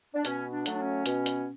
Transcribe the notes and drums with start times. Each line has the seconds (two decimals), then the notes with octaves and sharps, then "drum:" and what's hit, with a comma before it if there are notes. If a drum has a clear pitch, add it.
0.14 D4
0.25 B2 C#4, drum: hi-hat
0.52 D4
0.66 F#3 A3, drum: hi-hat
0.73 D4
0.79 C#4
1.06 B2, drum: hi-hat
1.26 drum: hi-hat